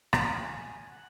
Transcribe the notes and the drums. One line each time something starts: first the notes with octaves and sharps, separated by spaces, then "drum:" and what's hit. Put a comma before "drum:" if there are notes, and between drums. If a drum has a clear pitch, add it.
drum: rim click
F5
F#5
G#5
F#5